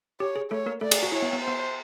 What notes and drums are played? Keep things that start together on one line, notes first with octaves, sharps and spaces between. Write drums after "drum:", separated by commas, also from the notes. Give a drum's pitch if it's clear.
G4 C#5
G#4
A3 A4 C#5
A#3 A#4
A3 A4 D5
G#4, drum: cymbal
F#4
E4 C#5
B3
B3
C5
B3